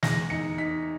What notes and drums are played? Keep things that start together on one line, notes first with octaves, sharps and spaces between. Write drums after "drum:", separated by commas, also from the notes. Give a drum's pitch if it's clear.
E2 A#6, drum: snare
D#4 C#7
D#4 B6